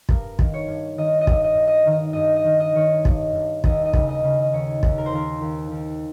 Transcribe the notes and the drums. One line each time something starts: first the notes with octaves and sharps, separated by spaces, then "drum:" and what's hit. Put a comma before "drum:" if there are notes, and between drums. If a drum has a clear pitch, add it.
G2 A#4, drum: kick
D#3, drum: kick
C#5
G2
D#3 D#5
D#5
G2, drum: kick
D#5
G2
D#5
D#3 D#5
G2 D#5
D#5
D#3
D#5
D#3 C#5
G2, drum: kick
G2
D#2 D#5, drum: kick
D#5
C#3, drum: kick
D#5
C#3
D#5
D#2 C#5
D#2, drum: kick
A#4
C5
D#2 A#4
D#2
D#2